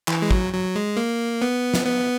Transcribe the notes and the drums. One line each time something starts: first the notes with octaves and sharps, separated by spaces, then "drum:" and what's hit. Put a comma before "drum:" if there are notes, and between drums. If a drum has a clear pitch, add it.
E3, drum: clap
G#3
F#3, drum: kick
F#3
G#3
A#3
B3
drum: snare
B3